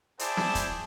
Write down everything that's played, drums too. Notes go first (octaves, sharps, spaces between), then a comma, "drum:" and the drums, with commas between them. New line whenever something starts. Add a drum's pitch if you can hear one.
E4 G#4 C5 D5 G5 A5, drum: hi-hat
drum: snare
drum: kick, hi-hat